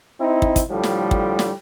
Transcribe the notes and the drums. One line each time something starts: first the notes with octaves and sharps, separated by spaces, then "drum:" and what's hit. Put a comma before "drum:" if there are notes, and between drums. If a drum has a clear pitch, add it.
C4 D#4 E4
drum: kick
drum: kick, hi-hat
A2 D3 F3 G3
drum: snare
drum: kick
drum: snare